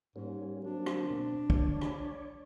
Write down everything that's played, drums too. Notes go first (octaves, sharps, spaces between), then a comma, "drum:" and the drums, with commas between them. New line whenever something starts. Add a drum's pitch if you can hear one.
G#2 G3 A#3 C#4
F#3 A#3 C4 D4
drum: rim click
B2 C4
C#5 D5, drum: kick
drum: rim click